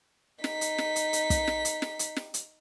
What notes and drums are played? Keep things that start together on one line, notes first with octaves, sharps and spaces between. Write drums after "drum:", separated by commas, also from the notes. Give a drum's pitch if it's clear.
D#4 B6, drum: snare
drum: hi-hat
drum: snare
drum: hi-hat
drum: hi-hat
drum: kick, hi-hat
drum: snare
drum: hi-hat
drum: snare
drum: hi-hat
drum: snare
drum: hi-hat